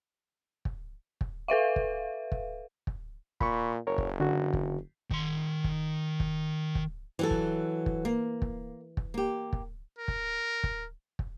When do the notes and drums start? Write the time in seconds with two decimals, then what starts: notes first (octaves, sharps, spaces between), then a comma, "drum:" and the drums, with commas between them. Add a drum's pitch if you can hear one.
0.65 drum: kick
1.21 drum: kick
1.48 A4 B4 E5 F5
1.76 drum: kick
2.32 drum: kick
2.87 drum: kick
3.41 A#2 B5 C#6, drum: kick
3.87 F#1 A#4 C#5
3.98 drum: kick
4.20 D3 F#4
4.53 drum: kick
5.10 D#3 C6, drum: kick
5.64 drum: kick
6.20 drum: kick
6.75 drum: kick
7.19 E3 F#3 A4
7.31 drum: kick
7.86 drum: kick
8.05 A#3
8.42 drum: kick
8.97 drum: kick
9.14 A#3 G4
9.53 drum: kick
9.99 A#4
10.08 drum: kick
10.64 drum: kick
11.19 drum: kick